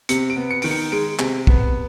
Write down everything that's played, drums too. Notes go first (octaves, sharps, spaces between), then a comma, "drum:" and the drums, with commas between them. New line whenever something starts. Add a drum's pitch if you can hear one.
C3 C#7, drum: hi-hat
D7
B3
C#7
D#3 D7, drum: open hi-hat
C#7
G#3 D7
C3, drum: clap
B3, drum: kick